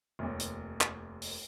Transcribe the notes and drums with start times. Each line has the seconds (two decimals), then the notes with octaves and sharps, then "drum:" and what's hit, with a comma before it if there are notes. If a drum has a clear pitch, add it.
0.19 F1 D#2
0.40 drum: hi-hat
0.81 drum: clap
1.22 drum: open hi-hat